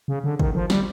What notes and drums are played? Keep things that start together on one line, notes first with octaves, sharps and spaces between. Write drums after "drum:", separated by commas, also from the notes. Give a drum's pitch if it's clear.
C#3
D3
D#3, drum: kick
F3
G3, drum: snare